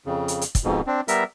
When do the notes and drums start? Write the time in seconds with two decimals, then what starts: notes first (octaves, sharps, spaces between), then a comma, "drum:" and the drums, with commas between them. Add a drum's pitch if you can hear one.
0.06 F2 C#3
0.28 drum: hi-hat
0.41 drum: hi-hat
0.55 drum: kick, hi-hat
0.64 F2 G#2 B2
0.87 C4 D4
1.08 G3 B3 A#4 E5, drum: hi-hat